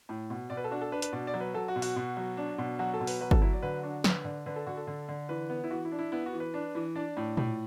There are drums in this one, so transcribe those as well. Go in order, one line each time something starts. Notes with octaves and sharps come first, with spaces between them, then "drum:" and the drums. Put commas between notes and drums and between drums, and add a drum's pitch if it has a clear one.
A2
B2
B2 D5
B4
A4
D4 F#4
A4
D4 B4
B4, drum: hi-hat
B2 D5
D5
F#3
B4
F#3 A4
F#4
B2
F#4, drum: open hi-hat
B2
F#3
D4
B2
F#3 F#4
A4
B2
B4, drum: open hi-hat
F#3 B4
A4, drum: kick G1
F#3 E4
D5
D3 B4
D4 F#4
D3 B4, drum: snare
D3
D3 B4
A4
D3 F#4
A4
D3
D3
E3 B4
B3
E4
E3 F#4
E4
D4
E4
B3 E4
F#4
E3
B4
D4
E3
D4 D5
A2
A2, drum: tom A#2